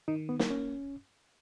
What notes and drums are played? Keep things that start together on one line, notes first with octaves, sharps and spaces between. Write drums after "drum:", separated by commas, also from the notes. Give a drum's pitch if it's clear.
D#3 D#4
B3
A#3, drum: snare
C#4